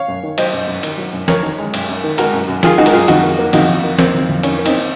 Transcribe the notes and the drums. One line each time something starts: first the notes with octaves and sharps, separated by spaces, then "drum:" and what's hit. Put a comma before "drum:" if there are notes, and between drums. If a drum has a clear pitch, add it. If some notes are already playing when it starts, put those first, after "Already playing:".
Already playing: C#5 F5
F#2
D#3
F#3 C5 D#5, drum: cymbal
F#2
F#2
D#3, drum: cymbal
F#3
F#2
F#2 A#4 C#5, drum: snare
D#3
G#3
F#2, drum: cymbal
F#2
D#3
G#3 F#4 A#4, drum: cymbal
F#2
F#2
D#3 F4 G#4, drum: snare
G#3 D#4 F#4
A#4, drum: cymbal
F#2 F4 G#4
F2 D#4 F#4, drum: cymbal
D#3
A#3
F2 D#4 F#4, drum: cymbal
F2
D#3
A#3 C4, drum: snare
F2
F2
D#3 C#4, drum: cymbal
A#3
C4 D#4, drum: cymbal